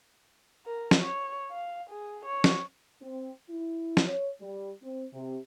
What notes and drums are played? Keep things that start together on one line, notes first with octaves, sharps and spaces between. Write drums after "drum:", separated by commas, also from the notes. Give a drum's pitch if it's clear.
A#4
drum: snare
C#5
F5
G#4
C#5
drum: snare
C4
E4
drum: snare
C#5
G3
C4
C3